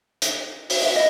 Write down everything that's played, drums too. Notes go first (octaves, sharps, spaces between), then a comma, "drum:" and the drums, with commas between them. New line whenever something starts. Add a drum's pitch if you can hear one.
drum: hi-hat
F#4, drum: open hi-hat
E5 F5
E4 D#5